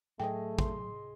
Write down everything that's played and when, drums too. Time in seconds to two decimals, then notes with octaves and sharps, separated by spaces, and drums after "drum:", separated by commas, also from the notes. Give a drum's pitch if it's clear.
0.20 A2 F#3 A3 G#4 D#5 G5
0.59 C6, drum: kick